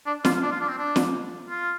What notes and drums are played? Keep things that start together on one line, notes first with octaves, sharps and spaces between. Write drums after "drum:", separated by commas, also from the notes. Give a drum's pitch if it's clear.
D4
F4, drum: snare
D4
F4
D4
C4
D4
drum: snare
F4